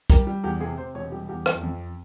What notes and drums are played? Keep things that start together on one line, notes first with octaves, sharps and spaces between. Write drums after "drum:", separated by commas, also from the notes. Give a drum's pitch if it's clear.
G3 A#4, drum: kick, hi-hat
G3
E2 G4
C3 G#4
C3 C5
E1 C#5
G3 G4
E2 G4
F2, drum: rim click
F2